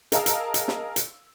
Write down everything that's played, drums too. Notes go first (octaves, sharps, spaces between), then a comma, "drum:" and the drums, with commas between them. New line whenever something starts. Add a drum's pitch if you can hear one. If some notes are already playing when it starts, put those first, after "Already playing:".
G#4 A#4 D#5 F5 A5 E6, drum: hi-hat
drum: hi-hat
drum: hi-hat
drum: snare
drum: hi-hat